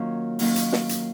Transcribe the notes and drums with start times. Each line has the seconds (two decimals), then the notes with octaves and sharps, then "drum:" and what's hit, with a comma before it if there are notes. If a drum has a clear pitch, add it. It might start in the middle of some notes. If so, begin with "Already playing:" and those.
Already playing: D#3 F#3 A#3 C#4 F4
0.39 D#3 F#3 A#3 C#4 F4, drum: open hi-hat
0.56 drum: hi-hat
0.73 drum: snare
0.89 drum: hi-hat